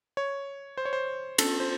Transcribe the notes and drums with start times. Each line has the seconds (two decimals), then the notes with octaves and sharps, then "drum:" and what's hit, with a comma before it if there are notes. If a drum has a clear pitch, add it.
0.17 C#5
0.77 C5
0.85 C#5
0.93 C5
1.38 A4, drum: cymbal
1.60 C5